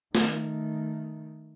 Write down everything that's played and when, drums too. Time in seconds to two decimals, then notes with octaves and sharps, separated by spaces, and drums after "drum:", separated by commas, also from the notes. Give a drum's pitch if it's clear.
0.15 D#3 A3, drum: snare